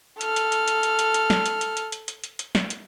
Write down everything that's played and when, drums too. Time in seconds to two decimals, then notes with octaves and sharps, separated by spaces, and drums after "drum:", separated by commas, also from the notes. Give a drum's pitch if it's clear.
0.21 A4 F6, drum: hi-hat
0.36 drum: hi-hat
0.52 drum: hi-hat
0.68 drum: hi-hat
0.83 drum: hi-hat
0.99 drum: hi-hat
1.14 drum: hi-hat
1.30 drum: snare
1.46 drum: hi-hat
1.61 drum: hi-hat
1.77 drum: hi-hat
1.92 drum: hi-hat
2.08 drum: hi-hat
2.24 drum: hi-hat
2.39 drum: hi-hat
2.55 drum: snare
2.70 drum: hi-hat